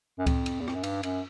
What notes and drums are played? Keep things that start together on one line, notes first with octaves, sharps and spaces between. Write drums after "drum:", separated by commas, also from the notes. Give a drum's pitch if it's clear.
F#2
F2, drum: kick C#2, cymbal
drum: cymbal
E2
F2, drum: rim click
F#2
G2, drum: cymbal
F#2, drum: cymbal